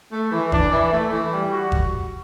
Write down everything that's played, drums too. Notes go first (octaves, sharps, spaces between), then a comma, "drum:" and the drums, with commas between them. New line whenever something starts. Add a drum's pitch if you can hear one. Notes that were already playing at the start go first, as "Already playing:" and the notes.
A3
E3
D4, drum: kick
E3
A3
E3
G3
F#4
drum: kick